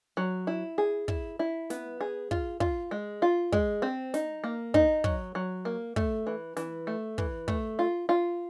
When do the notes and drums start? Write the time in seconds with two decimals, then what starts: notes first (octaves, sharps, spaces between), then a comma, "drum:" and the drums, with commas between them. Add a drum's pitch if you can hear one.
0.17 F#3
0.47 E4
0.78 G#4
1.08 E4, drum: kick
1.39 E4
1.70 B3, drum: snare
2.01 G#4
2.31 F4, drum: kick
2.60 F4, drum: kick
2.91 G#3
3.22 F4
3.52 G#3, drum: kick
3.82 C4
4.14 D#4, drum: snare
4.44 A#3
4.74 D#4, drum: kick
5.04 F#3, drum: kick
5.35 F#3
5.65 A#3
5.96 A3, drum: kick
6.27 E3
6.57 E3, drum: snare
6.87 A3
7.18 E3, drum: kick
7.48 A3, drum: kick
7.79 F4
8.09 F4